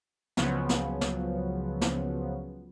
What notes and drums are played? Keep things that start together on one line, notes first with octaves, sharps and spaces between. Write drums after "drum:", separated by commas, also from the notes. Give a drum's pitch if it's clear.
C#2 C#3 F3 F#3 B3, drum: snare
drum: snare
drum: snare
drum: snare